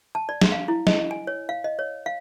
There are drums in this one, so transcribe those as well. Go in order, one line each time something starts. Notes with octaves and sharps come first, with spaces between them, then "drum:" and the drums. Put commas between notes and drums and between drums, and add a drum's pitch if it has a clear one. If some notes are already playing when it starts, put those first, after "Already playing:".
A5
D5
drum: snare
F5
E4
D#5, drum: snare
G#5
C#5
F5
D#5
C#5
F5